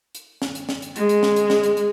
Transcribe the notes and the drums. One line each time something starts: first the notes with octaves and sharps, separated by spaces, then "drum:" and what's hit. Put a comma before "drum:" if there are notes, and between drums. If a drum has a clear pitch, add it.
drum: hi-hat
drum: snare
drum: hi-hat
drum: snare
drum: hi-hat
G#3, drum: hi-hat
drum: hi-hat
drum: snare
drum: hi-hat
drum: snare
drum: hi-hat
drum: hi-hat